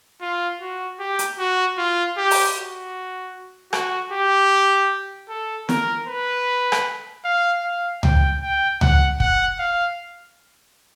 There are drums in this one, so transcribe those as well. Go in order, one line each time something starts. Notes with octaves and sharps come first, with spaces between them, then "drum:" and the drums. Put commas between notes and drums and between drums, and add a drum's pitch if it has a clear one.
F4
F#4
G4
drum: hi-hat
F#4
F4
G4
drum: open hi-hat
F#4
F#4, drum: rim click
G4
A4
A#4, drum: snare
B4
drum: rim click
F5
F5
G5, drum: tom C#2
G5
F#5, drum: tom C#2
F#5, drum: kick
F5